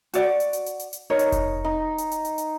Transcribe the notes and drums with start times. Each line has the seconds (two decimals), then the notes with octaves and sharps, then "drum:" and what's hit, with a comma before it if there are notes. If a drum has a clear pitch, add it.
0.14 F#4 D5 F#5, drum: hi-hat
0.40 drum: hi-hat
0.53 drum: hi-hat
0.66 drum: hi-hat
0.79 drum: hi-hat
0.93 drum: hi-hat
1.10 D#4 A#4 C#5 D#5
1.19 drum: hi-hat
1.32 drum: kick F1, hi-hat
1.65 D#4
1.98 drum: hi-hat
2.11 drum: hi-hat
2.25 drum: hi-hat
2.38 drum: hi-hat